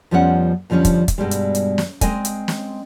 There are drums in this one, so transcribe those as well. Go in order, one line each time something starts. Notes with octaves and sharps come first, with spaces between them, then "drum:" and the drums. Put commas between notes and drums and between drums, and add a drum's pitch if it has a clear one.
F2 F3 G3 B3 C#4 F#5
F2 D3 F3 G3 C#4
drum: kick, hi-hat
drum: kick, hi-hat
G2 B2 G3 G#3
drum: hi-hat
drum: hi-hat
drum: snare
G#3 C4 D#5 G#5, drum: kick, hi-hat
drum: hi-hat
drum: snare